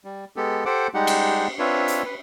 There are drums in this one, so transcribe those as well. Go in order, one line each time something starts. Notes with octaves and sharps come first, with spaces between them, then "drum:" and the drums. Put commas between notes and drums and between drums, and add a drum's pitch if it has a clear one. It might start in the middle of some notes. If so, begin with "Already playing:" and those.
G3
G#3 B3 G4 A4
G4 A4 C5 F#5 D6
G3 G#3 D#4 G4 F#5
drum: cymbal
C4 D4 F4 B4 C#5 E5
drum: hi-hat
B4